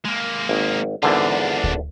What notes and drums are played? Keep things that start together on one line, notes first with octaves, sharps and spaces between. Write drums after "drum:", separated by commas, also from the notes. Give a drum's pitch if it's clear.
G#3 A#3
G#1
G#1 E2 D3 D4 F4
drum: kick D2